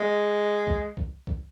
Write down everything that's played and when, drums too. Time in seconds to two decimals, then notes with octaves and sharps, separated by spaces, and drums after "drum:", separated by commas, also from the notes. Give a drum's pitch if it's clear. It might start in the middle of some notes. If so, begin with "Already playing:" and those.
Already playing: G#3
0.67 drum: kick C2
0.97 drum: kick C2
1.27 drum: kick C2